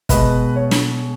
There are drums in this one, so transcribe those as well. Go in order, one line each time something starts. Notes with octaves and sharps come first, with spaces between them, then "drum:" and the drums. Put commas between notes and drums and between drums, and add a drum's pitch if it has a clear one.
B2 G#3 B4 D#5, drum: kick, hi-hat
C#5
drum: snare